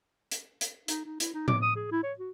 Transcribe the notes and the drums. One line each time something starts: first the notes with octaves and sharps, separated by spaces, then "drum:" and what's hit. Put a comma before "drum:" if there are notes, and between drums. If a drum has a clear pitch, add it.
drum: hi-hat
drum: hi-hat
D#4, drum: hi-hat
D#4
E4, drum: hi-hat
D#4
D6, drum: tom A2
D#6
G#4
E4
C#5
F#4